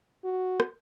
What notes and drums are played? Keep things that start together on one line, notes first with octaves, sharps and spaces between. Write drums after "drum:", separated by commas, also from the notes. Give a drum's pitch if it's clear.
F#4
drum: rim click